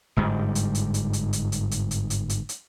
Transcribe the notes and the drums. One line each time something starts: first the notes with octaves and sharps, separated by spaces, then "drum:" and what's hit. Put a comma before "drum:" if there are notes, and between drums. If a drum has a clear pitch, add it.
G1 G#2 G3
drum: hi-hat
drum: hi-hat
drum: hi-hat
drum: hi-hat
drum: hi-hat
drum: hi-hat
drum: hi-hat
drum: hi-hat
drum: hi-hat
drum: hi-hat
drum: hi-hat